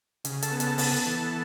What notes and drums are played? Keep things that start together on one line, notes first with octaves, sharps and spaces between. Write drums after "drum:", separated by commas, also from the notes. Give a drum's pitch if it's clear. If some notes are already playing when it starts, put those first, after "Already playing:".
C#3, drum: hi-hat
A4 A5, drum: hi-hat
B3
A4 A5, drum: hi-hat
B3 A4 A5, drum: open hi-hat
E3